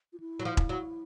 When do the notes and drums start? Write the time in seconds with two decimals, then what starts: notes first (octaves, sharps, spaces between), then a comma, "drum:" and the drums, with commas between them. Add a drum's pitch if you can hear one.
0.13 F4
0.20 E4
0.40 F#3
0.45 F3
0.57 drum: kick E1
0.69 F#3